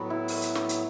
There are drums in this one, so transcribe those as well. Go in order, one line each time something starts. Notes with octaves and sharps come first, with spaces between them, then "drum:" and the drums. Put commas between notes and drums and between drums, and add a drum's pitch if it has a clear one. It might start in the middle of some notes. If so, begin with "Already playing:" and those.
Already playing: A2 F#3 B3 F#4
E4
drum: open hi-hat
drum: hi-hat
drum: snare
drum: hi-hat